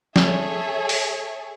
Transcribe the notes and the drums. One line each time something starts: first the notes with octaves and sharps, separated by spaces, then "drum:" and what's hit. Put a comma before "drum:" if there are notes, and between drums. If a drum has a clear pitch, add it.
G#4 A4 C#5 E5, drum: snare
drum: open hi-hat